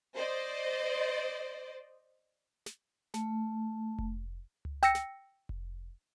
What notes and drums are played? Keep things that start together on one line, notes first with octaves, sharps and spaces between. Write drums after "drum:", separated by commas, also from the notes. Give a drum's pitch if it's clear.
C5 D5 D#5
drum: snare
A3, drum: snare
drum: kick F1
drum: tom C#2
G5 E6 A#6 C#7, drum: snare
drum: snare
drum: kick F1